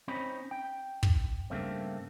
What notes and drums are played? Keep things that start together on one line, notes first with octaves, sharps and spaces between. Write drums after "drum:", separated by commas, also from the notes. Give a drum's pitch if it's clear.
C4 C#4 D#4 C5 B5
G5
drum: kick
G2 C#3 A3 A#3 C4